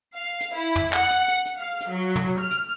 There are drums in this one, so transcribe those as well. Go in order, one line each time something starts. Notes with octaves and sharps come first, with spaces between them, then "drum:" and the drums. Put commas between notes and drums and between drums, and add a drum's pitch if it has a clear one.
F5
drum: hi-hat
E4
drum: tom
F#5, drum: clap
drum: hi-hat
drum: hi-hat
drum: hi-hat
F5
drum: hi-hat
F#3
drum: tom
F6
drum: hi-hat